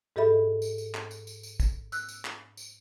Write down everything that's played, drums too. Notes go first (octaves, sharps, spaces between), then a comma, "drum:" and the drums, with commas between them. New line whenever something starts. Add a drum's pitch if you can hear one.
G#2 G4 A4 D#5 E5 B5
drum: tambourine
drum: tambourine
drum: clap
drum: tambourine
drum: tambourine
drum: tambourine
drum: kick, tambourine
E6 F#6, drum: tambourine
drum: tambourine
drum: clap
drum: tambourine